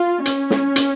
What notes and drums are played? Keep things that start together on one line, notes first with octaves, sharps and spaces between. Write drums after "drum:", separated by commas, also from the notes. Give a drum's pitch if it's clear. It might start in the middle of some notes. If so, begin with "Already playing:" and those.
Already playing: F4
C#4, drum: hi-hat
drum: snare
drum: hi-hat